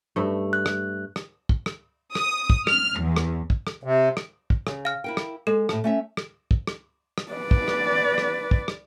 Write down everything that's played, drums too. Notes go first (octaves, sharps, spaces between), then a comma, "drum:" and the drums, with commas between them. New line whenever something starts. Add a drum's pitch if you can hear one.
G2 A3
F#6
drum: rim click
drum: rim click
drum: kick
drum: rim click
D#6, drum: rim click
drum: kick
F6, drum: rim click
E2
drum: rim click
drum: kick
drum: rim click
C3
drum: rim click
drum: kick
C#3, drum: rim click
F5 F6
E4 A#4 G5
drum: rim click
G#3 A4
A2 A5, drum: rim click
A3 C#4 E5
drum: rim click
drum: kick
drum: rim click
drum: rim click
B4 D5
drum: kick
drum: rim click
drum: rim click
drum: kick
drum: rim click